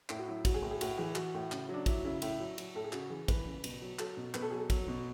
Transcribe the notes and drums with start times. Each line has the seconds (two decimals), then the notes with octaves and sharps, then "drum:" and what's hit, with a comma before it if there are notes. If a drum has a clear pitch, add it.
0.09 A2 E4, drum: clap
0.19 F#4
0.28 F#3 E4
0.45 F#3 F#4, drum: kick, cymbal
0.54 G#4
0.62 A2
0.71 G#4
0.81 A2 F#4, drum: cymbal
0.98 E3 G#4
1.15 E3 F#4, drum: clap
1.34 A2
1.52 C#3, drum: clap
1.69 F#3
1.74 D4
1.86 F#3 E4, drum: kick, cymbal
2.05 C#3 E4
2.22 A2 E4, drum: cymbal
2.40 F#3
2.58 F#3, drum: cymbal
2.75 A2 A4
2.84 G#4
2.93 C#3 F#4, drum: clap
3.10 E3 G#4
3.28 E3 B4, drum: kick, cymbal
3.46 C#3
3.64 B2, drum: cymbal
3.82 F#3
3.99 F#3 A4, drum: clap
4.17 B2
4.34 B2 B4, drum: clap
4.42 A4
4.51 F#3 G#4
4.57 A4
4.70 F#3, drum: kick, cymbal
4.88 B2